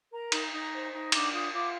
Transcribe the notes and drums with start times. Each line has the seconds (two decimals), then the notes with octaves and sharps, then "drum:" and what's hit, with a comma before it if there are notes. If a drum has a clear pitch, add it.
0.11 A#4 A#5
0.32 D#4, drum: cymbal
0.52 D#4
0.72 C5
0.92 D#4
1.12 D4 D6, drum: cymbal
1.32 F4 D#6
1.52 F4 D6